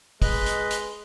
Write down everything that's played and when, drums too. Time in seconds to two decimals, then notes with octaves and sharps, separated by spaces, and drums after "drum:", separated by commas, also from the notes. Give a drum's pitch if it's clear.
0.22 G#3 B4 D#5, drum: kick, open hi-hat
0.46 drum: hi-hat
0.71 drum: hi-hat